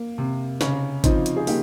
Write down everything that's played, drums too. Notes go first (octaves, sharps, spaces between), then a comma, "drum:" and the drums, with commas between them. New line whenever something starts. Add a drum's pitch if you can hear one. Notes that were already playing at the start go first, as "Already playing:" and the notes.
Already playing: A#3
C3
C#3 C#4, drum: snare
F3 C4 D#4, drum: kick, hi-hat
drum: hi-hat
G#4
A#3 D#4 G4, drum: open hi-hat